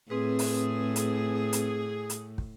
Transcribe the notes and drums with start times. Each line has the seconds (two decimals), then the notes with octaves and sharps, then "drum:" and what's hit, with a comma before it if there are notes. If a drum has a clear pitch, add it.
0.10 A2 C4 G#4 B4
0.39 drum: open hi-hat
0.96 drum: hi-hat
1.53 drum: hi-hat
2.10 drum: hi-hat
2.38 drum: kick